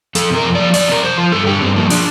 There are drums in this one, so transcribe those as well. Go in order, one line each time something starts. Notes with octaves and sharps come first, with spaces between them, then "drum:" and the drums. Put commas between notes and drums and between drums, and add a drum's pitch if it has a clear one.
F2 A4, drum: hi-hat
C3 A#4
F2
F3 D5
F2 D5, drum: open hi-hat
C3 A#4
F2 C5
F3
G2 A4
D3 G4
G2 C4
F3 A#3
D4, drum: open hi-hat